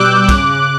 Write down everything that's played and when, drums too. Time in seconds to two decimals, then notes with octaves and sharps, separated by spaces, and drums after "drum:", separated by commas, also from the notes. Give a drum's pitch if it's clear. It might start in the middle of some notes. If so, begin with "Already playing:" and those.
Already playing: B2 G3 D6 E6 F#6 G6
0.29 C#3, drum: kick, cymbal